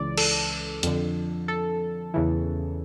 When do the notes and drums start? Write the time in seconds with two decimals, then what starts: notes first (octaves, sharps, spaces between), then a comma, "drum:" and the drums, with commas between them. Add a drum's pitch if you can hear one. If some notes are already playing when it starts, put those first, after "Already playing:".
Already playing: C#2 C#3 E3 D5
0.17 A4, drum: cymbal
0.83 F2 D3, drum: hi-hat
1.48 A4
2.14 E2 C#3 E3